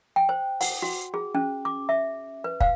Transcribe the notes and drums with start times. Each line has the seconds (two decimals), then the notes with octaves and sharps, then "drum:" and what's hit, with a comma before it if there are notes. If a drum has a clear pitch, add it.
0.16 G5
0.29 C5
0.61 F#5, drum: open hi-hat
0.82 F#4
1.14 G#4
1.35 C#4
1.65 D6
1.89 E5
2.44 B4
2.60 F5, drum: kick